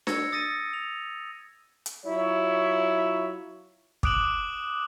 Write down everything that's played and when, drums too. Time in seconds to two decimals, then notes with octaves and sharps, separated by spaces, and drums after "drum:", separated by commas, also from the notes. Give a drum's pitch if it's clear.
0.07 E6 G#6 A#6 C#7, drum: snare D4
0.32 D#6 A6 A#6 C#7 D#7
0.73 F7
1.86 drum: hi-hat
2.05 F#3 E4 F4 C#5
4.03 D6 D#6 F#6 D7 E7 F#7, drum: kick